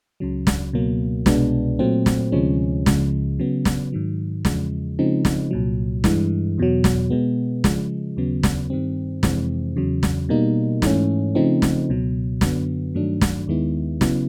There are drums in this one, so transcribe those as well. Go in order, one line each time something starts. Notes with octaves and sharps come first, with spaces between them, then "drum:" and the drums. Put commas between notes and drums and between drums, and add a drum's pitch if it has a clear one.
C#2 C#3 F#3
drum: snare
C#2 B2 F#3 A#3
C2 B2 G#3 B3 D4, drum: snare
A#2 F#3 A3 C4
drum: snare
D2 C3 F3 G#3 C#4
C#2 C#3 F3 G#3, drum: snare
C#3 F#3 B3
drum: snare
G#2 D#3 F#3
E2 C#3 F3 G#3, drum: snare
C#3 F3 G#3 C4 D#4
drum: snare
C2 A#2 F#3
G2 E3 G#3, drum: snare
E2 B2 F#3
drum: snare
B2 G#3 B3
C#3 F3 G#3, drum: snare
D#2 C#3 F#3 B3
drum: snare
G2 D#3 G3 C4
F2 C3 E3 G#3 C4, drum: snare
E2 C#3 F#3
drum: snare
B2 G3 A#3 D#4
G#2 E3 A3 C#4, drum: snare
C#3 F3 A3 C4 D#4
drum: snare
C#2 B2 F#3
F#2 D3 F#3 B3, drum: snare
G2 D#3 F#3 A3 D4
drum: snare
D#2 D#3 G#3 B3 E4
C#3 F#3 B3 E4, drum: snare